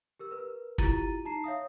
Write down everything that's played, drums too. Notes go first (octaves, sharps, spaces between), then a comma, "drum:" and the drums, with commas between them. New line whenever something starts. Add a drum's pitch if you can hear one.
G4 A#4 E6
A#4 B4
E4 F4 G4 A#5 A6 D#7, drum: kick
D#4 A5 A#5 C7
C#5 E5 F5 D#6